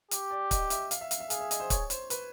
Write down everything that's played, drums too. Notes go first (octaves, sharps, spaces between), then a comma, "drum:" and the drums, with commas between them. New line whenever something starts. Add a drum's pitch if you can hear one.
G4, drum: hi-hat
D5
D#5, drum: kick, hi-hat
E5, drum: hi-hat
F5, drum: hi-hat
E5
F5, drum: hi-hat
E5
G#4 F5, drum: hi-hat
E5
D#5, drum: hi-hat
C5
C#5, drum: kick, hi-hat
C5, drum: hi-hat
B4, drum: hi-hat